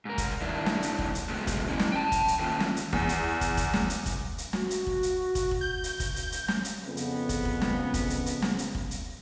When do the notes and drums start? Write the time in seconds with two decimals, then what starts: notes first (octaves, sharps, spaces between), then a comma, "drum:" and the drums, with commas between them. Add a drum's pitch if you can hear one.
0.05 G#2 A#4
0.18 drum: kick, hi-hat
0.42 G2 D#3 D4 E4
0.66 drum: snare
0.82 drum: hi-hat
0.99 drum: kick
1.15 drum: hi-hat
1.30 C3 D#3 F#3 G#3 A3 B3
1.47 drum: kick, hi-hat
1.69 C#4 E4
1.79 drum: snare
1.92 G5 A5
2.12 drum: kick, hi-hat
2.28 drum: hi-hat
2.39 D#3 E3 A3 A#3 C#4 F4
2.60 drum: snare
2.76 drum: hi-hat
2.93 E2, drum: kick
3.09 drum: hi-hat
3.41 drum: kick, hi-hat
3.57 drum: kick, hi-hat
3.73 drum: snare
3.90 drum: hi-hat
4.06 drum: kick, hi-hat
4.38 drum: hi-hat
4.53 F#4, drum: snare
4.70 drum: hi-hat
4.87 drum: kick
5.03 drum: hi-hat
5.35 drum: kick, hi-hat
5.51 drum: kick
5.61 G6
5.84 drum: hi-hat
6.00 drum: kick, hi-hat
6.16 drum: hi-hat
6.32 drum: hi-hat
6.48 drum: snare
6.65 drum: hi-hat
6.86 F2 C#3 B3
6.97 drum: hi-hat
7.29 drum: kick, hi-hat
7.45 drum: kick
7.62 drum: snare
7.94 drum: kick, hi-hat
8.10 drum: hi-hat
8.26 drum: hi-hat
8.42 drum: snare
8.59 drum: hi-hat
8.75 drum: kick
8.91 drum: hi-hat